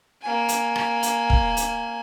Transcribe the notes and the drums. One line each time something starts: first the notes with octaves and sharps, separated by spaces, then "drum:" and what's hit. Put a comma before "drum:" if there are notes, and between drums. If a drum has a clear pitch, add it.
A#3 G#5
drum: hi-hat
drum: rim click
drum: hi-hat
drum: kick
drum: hi-hat